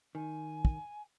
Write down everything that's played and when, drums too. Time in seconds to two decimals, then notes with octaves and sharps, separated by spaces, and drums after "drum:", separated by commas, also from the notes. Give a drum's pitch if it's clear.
0.15 D#3 G#5
0.65 drum: kick